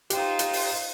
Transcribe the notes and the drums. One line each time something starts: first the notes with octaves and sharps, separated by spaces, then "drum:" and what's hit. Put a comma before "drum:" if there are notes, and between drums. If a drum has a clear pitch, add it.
D#4 F4 G4 C5 G5, drum: hi-hat
drum: hi-hat
drum: open hi-hat